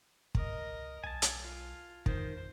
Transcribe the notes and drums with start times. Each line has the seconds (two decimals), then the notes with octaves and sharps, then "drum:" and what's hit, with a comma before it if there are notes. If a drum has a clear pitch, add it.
0.35 C#2 A#4 D#5, drum: kick
1.04 B1 G#5 A5
1.22 drum: hi-hat
1.41 F4
2.06 F2 D#3 C5, drum: kick